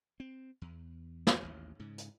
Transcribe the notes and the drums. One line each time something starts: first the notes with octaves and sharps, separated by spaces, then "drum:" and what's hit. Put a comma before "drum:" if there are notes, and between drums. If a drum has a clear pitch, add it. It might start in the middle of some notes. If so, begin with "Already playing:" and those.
C4
E2
drum: snare
A1 D#2
G#2 C#3
drum: hi-hat